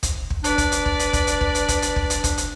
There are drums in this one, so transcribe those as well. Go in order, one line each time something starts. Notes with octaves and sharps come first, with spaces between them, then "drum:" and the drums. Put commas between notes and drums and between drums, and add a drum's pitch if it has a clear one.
drum: kick, hi-hat
drum: kick
D4 B4 D5, drum: hi-hat
drum: kick, hi-hat
drum: hi-hat
drum: kick
drum: hi-hat
drum: kick, hi-hat
drum: hi-hat
drum: kick
drum: hi-hat
drum: kick, hi-hat
drum: hi-hat
drum: kick
drum: hi-hat
drum: kick, hi-hat
drum: hi-hat